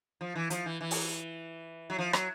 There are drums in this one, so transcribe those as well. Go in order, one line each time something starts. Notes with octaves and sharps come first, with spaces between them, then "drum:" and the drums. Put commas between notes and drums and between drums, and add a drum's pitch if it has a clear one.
F3
E3
F3, drum: hi-hat
E3
E3
drum: open hi-hat
F#3
F3
F#3, drum: rim click